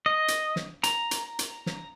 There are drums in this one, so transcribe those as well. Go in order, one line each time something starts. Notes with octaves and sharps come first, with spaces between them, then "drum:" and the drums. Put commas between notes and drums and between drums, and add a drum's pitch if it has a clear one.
D#5
drum: hi-hat
drum: snare
A#5, drum: hi-hat
drum: hi-hat
drum: hi-hat
drum: snare